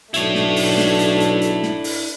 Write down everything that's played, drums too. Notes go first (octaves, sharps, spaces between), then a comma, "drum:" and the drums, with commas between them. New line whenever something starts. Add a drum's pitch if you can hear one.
B1 A3 D4 E4 C#5, drum: hi-hat
drum: snare
drum: open hi-hat
drum: snare
drum: hi-hat
drum: hi-hat
drum: hi-hat
drum: snare
drum: open hi-hat